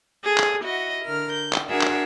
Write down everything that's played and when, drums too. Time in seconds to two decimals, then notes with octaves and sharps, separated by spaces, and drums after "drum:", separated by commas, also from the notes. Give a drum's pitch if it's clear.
0.23 G#4 A4 D#6
0.38 drum: clap
0.63 E4 F#4 D#5 F#5
1.02 D3 A#4 F6
1.32 G6
1.53 drum: clap
1.68 D4 F#4 G#4 A#4 E5 F#5
1.81 drum: clap